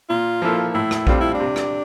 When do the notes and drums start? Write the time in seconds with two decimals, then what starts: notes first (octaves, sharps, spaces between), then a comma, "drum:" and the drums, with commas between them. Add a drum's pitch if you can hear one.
0.10 A#2 F4
0.42 F3 A#3 E4 A4
0.74 A2 E4
0.91 drum: rim click
1.07 G3 C4 D4 F4 A4, drum: kick A#1
1.21 E4
1.35 D4
1.40 C3
1.56 drum: rim click